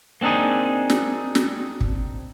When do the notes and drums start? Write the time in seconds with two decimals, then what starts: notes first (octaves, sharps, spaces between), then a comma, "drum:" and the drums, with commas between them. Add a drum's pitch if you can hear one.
0.21 A#3 C4 D4 D#4 G#4
0.90 drum: snare
1.35 drum: snare
1.81 drum: kick